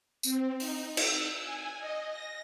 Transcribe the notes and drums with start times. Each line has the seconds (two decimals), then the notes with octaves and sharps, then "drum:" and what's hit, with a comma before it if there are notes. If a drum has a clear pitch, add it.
0.23 C4, drum: tambourine
0.60 D#4, drum: open hi-hat
0.97 E6, drum: cymbal
1.43 G#5
1.79 D#5
2.09 A#6